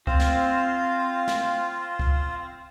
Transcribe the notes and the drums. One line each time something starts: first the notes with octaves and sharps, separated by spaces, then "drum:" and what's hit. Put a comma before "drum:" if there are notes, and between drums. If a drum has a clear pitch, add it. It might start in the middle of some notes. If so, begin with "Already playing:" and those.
C4 F4 F5, drum: kick C#2
drum: snare
drum: snare
drum: kick C#2